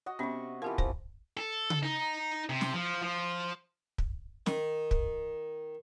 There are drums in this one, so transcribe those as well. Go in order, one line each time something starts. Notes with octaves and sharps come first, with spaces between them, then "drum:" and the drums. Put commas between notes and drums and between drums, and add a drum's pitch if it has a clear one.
F#4 D#5
C3 B3 C#4 C#6
E3 F3 G4 A#4
C5, drum: kick
A4
drum: tom C#3
D#4
C3
drum: snare
F3
F3
drum: kick
D#3, drum: snare
drum: kick